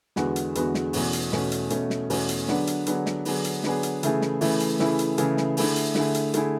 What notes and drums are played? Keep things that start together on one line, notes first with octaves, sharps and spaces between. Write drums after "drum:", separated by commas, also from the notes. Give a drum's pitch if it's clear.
E2 D3 G#3 B3 F#4, drum: snare
drum: hi-hat
E2 D3 G#3 B3 F#4, drum: hi-hat
drum: snare
E2 B2 A3 C#4 F#4, drum: open hi-hat
drum: hi-hat
E2 B2 A3 C#4 F#4, drum: snare
drum: hi-hat
E2 B2 A3 C#4 F#4, drum: hi-hat
drum: snare
E2 B2 A3 C#4 F#4, drum: open hi-hat
drum: hi-hat
D3 F#3 B3 D4 G#4, drum: snare
drum: hi-hat
D3 F#3 B3 D4 G#4, drum: hi-hat
drum: snare
D3 F#3 B3 D4 G#4, drum: open hi-hat
drum: hi-hat
D3 F#3 B3 D4 G#4, drum: snare
drum: hi-hat
C#3 E3 A3 E4 G#4, drum: hi-hat
drum: snare
C#3 E3 A3 E4 G#4, drum: open hi-hat
drum: hi-hat
C#3 E3 A3 E4 G#4, drum: snare
drum: hi-hat
C#3 E3 A3 E4 G#4, drum: hi-hat
drum: snare
D3 A3 E4 G#4, drum: open hi-hat
drum: hi-hat
D3 A3 E4 G#4, drum: snare
drum: hi-hat
D3 A3 E4 G#4, drum: hi-hat